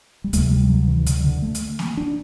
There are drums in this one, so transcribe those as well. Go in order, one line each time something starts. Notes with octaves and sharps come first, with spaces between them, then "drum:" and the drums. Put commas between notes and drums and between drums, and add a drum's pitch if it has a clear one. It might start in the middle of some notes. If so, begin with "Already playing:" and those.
G3
D2 C3 A3, drum: hi-hat
F#3
G3
F#3
E3
D3, drum: hi-hat
D3
A3
drum: hi-hat
drum: snare A#3
D4